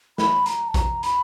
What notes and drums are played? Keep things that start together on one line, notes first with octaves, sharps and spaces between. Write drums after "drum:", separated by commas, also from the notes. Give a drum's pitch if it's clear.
B5, drum: snare
A#5, drum: hi-hat
A5
A#5, drum: kick A#1, hi-hat
B5, drum: hi-hat